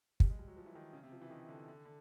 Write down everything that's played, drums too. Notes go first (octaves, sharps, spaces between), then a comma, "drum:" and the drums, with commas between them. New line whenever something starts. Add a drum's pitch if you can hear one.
G3, drum: kick
G#3
G3
F#3
F3
E3
D#3
C#3
C3
F3
E3
D#3
D3
D3
D3